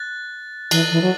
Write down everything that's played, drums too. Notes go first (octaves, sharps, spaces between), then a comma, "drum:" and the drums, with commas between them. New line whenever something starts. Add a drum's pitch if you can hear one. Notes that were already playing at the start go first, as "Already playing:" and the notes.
Already playing: F#6 A6
E3 F#6 C7 F#7, drum: cymbal
E3
F#3